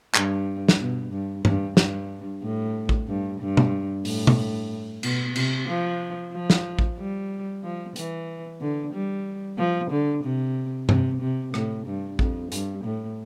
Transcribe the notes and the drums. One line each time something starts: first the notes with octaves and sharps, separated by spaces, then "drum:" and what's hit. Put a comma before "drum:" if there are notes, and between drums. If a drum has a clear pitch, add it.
G2, drum: clap
drum: snare
B2
G2
G2, drum: tom G2
G2, drum: snare
A2
drum: kick A1
G2
G2
drum: tom B2
A2, drum: open hi-hat
drum: tom B2
B2, drum: cymbal
C3, drum: cymbal
F3
F3
drum: snare
drum: kick A1
G3
F3
E3, drum: hi-hat
D3
G3
F3
D3
C3
C3, drum: tom G2
C3
A2, drum: rim click
G2
F2, drum: kick A1
G2, drum: hi-hat
A2